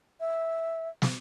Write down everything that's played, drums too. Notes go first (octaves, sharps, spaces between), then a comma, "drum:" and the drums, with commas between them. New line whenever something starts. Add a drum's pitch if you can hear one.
E5
drum: snare